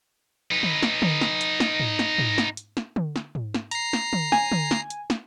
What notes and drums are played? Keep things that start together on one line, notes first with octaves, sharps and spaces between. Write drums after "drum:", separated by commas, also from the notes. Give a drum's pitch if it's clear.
D#4 B4
drum: tom
drum: snare
drum: tom D3
drum: snare
drum: hi-hat
drum: snare
drum: tom G#2
drum: snare
drum: tom
drum: snare
drum: hi-hat
drum: snare
drum: tom D3
drum: snare
drum: tom G#2
drum: snare
A#5 C7, drum: hi-hat
drum: snare
drum: tom
G#5, drum: snare
drum: tom D3
drum: snare
drum: hi-hat
drum: snare